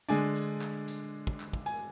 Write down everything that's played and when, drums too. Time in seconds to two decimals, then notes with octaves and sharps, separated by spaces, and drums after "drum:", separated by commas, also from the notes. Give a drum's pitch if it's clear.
0.08 D3 G#3 D4 G#5, drum: hi-hat
0.35 drum: hi-hat
0.62 drum: clap
0.88 drum: hi-hat
1.27 drum: kick
1.40 drum: clap
1.53 drum: kick
1.66 G#5, drum: hi-hat